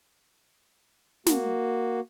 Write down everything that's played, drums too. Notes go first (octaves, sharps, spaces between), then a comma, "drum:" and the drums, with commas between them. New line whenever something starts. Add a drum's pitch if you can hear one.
A#3 F#4, drum: snare